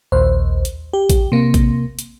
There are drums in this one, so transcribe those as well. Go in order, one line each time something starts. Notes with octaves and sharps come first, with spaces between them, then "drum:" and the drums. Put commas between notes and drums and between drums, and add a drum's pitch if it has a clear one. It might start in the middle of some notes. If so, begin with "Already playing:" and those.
A#1 D#2 C5
drum: hi-hat
G4
drum: kick A1, hi-hat
C3 A#3
drum: kick A1, hi-hat
drum: hi-hat